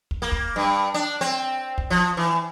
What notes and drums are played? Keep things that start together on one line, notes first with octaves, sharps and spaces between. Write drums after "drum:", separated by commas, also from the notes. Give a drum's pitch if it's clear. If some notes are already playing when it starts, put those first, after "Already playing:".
drum: kick
A#3
drum: kick
G2
D4
C4
drum: kick
F3
E3